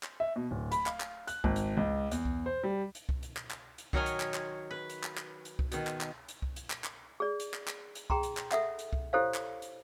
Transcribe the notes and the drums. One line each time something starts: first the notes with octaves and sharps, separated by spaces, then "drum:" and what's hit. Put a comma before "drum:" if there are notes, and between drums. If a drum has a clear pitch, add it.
drum: clap
E5
B2
D1
B5, drum: hi-hat
F5, drum: clap
drum: clap
F#6, drum: hi-hat
G#1, drum: kick C2
drum: hi-hat
C#2
E2, drum: hi-hat
drum: kick C2
C5
G3
drum: hi-hat
drum: kick C2
drum: hi-hat
drum: clap
drum: clap
drum: hi-hat
D#3 F#3 A#4 C#5 D#5 G#5, drum: kick C2
drum: hi-hat
drum: clap
drum: clap
B4
drum: hi-hat
drum: clap
drum: clap
drum: hi-hat
drum: kick C2
B2 D#3, drum: hi-hat
drum: clap
drum: clap
drum: hi-hat
drum: kick C2
drum: hi-hat
drum: clap
drum: clap
G#4 D5
drum: hi-hat
drum: clap
drum: clap
drum: hi-hat
G#4 G5 A#5 C6, drum: kick C2
drum: hi-hat
drum: clap
A4 E5 F#5, drum: clap
drum: hi-hat
drum: kick C2
E4 G4 A4 C5 C#5 F5
drum: clap
drum: hi-hat